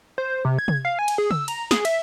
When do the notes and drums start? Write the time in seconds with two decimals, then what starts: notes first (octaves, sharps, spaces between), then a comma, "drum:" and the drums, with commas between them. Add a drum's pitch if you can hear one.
0.18 C5
0.45 C3
0.59 G#6
0.68 drum: tom C3
0.85 F5
0.99 G#5
1.08 drum: cymbal
1.18 G#4
1.31 E6, drum: tom C#3
1.48 A#5, drum: cymbal
1.71 G#4, drum: snare
1.85 E5, drum: cymbal